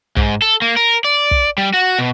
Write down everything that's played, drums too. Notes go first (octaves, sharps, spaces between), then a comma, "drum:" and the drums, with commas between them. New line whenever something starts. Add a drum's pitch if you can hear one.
G#2, drum: kick
A4
A#3
A#4
D5
drum: kick
G3
F#4
B2